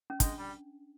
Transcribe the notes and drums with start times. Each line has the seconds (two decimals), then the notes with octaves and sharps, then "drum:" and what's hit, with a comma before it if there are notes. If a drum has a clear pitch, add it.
0.10 C#4
0.20 G#3 D4, drum: kick, hi-hat
0.38 G3